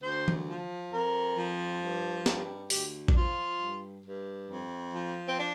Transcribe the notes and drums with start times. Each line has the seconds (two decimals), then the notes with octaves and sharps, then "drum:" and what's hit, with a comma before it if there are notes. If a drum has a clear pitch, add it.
0.02 D2 C5
0.28 drum: tom E3
0.47 F3
0.92 F2 A#4
1.37 F3
1.82 G2
2.26 G2, drum: snare
2.70 D2 G4, drum: open hi-hat
3.08 D4, drum: kick A#1
3.15 F3 F4
3.59 G2
4.04 G2
4.49 F2
4.94 F3
5.27 C4
5.39 D4